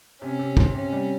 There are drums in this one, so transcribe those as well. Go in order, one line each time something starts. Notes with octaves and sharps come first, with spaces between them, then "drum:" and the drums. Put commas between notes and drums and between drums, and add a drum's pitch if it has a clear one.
C3 C#4
C3
C4, drum: kick
C3 C#4
G3